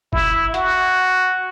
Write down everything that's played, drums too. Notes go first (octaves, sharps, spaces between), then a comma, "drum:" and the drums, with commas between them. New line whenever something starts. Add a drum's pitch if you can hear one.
E4, drum: kick
F#4, drum: hi-hat